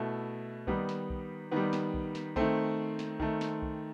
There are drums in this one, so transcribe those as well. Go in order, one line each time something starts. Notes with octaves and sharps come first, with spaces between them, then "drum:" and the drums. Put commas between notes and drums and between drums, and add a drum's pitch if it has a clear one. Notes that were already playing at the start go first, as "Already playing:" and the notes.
Already playing: B2 A3 E4
D#3 G3 B3 D#4, drum: kick B1
drum: snare
drum: kick B1
D#3 G3 B3
drum: snare
drum: kick B1
drum: snare
D#3 A3 C4, drum: kick B1
drum: snare
D#3 A3, drum: kick B1
drum: snare
drum: kick B1